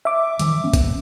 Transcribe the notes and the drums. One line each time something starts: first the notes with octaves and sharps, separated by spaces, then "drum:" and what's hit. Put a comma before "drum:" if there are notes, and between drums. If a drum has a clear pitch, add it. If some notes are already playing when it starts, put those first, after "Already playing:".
E5 D6
D#3 E3 G3, drum: hi-hat
A#3 B3 C#4
drum: kick, hi-hat